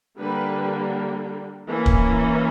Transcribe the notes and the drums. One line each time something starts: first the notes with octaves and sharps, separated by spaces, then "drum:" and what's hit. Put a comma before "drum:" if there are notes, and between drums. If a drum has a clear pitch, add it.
D3 G3 A#3 B4
E3 A#3 C#4
drum: kick